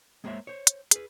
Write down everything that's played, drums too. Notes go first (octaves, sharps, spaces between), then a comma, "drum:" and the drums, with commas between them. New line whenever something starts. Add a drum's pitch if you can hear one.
G#3 A#3 B3 C5 C#5 E5
C5 C#5
drum: hi-hat
G#4 B4, drum: hi-hat